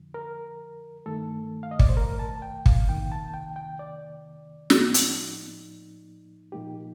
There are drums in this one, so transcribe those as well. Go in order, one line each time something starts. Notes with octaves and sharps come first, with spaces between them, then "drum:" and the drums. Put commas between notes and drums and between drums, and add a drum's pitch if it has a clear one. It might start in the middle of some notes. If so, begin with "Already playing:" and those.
Already playing: F2 D3 F3
A#4
G2 D#3 A3 A4
F5
D#5
D5, drum: kick
C5
A#4
A5
G5
F5, drum: kick
F2 C3 D#3 A#3 G5
A5
G5
G5
D5
A2 F3 A#3 D#4, drum: snare
drum: hi-hat
A#2 F3 A#3 D#4 G4